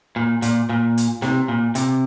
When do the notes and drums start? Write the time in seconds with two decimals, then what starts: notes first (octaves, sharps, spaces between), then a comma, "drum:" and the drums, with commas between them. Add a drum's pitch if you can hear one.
0.16 A#2
0.42 A#2, drum: hi-hat
0.69 A#2
0.98 drum: hi-hat
1.22 C3, drum: snare
1.48 A#2
1.75 C3, drum: hi-hat